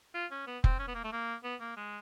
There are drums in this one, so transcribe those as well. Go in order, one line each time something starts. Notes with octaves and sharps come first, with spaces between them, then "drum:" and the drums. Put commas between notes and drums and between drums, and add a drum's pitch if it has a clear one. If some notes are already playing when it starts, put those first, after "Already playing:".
F4
C#4
B3
C4, drum: kick F1
C#4
B3
A#3
A3
A#3
B3
A#3
G#3